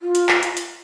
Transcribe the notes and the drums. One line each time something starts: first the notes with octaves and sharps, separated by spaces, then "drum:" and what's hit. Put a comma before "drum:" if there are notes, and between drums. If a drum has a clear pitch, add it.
F4
drum: hi-hat
drum: clap
drum: hi-hat
drum: hi-hat